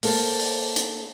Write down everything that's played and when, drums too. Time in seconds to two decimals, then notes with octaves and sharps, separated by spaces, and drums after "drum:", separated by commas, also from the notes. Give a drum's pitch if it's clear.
0.03 A#3 A4 C5, drum: open hi-hat
0.40 drum: open hi-hat
0.76 drum: hi-hat